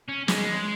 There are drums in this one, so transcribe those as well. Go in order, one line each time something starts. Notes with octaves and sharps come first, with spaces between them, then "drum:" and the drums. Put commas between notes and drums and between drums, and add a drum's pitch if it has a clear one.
C#4
G#3, drum: snare